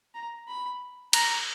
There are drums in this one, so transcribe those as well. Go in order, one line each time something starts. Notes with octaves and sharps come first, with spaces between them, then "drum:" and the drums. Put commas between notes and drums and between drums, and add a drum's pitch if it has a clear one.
A#5
B5
A#5, drum: cymbal